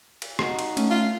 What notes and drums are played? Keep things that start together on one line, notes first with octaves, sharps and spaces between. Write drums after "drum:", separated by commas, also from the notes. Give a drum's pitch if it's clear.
drum: cymbal
D#4 F#4, drum: rim click
drum: cymbal
A3 C#4, drum: cymbal
F4